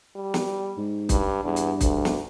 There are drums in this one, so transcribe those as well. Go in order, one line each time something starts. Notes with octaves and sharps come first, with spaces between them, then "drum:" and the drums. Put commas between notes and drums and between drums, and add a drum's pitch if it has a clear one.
G3
drum: snare
G#2
G2, drum: kick, hi-hat
E2 G2
drum: hi-hat
D2, drum: kick, hi-hat
drum: snare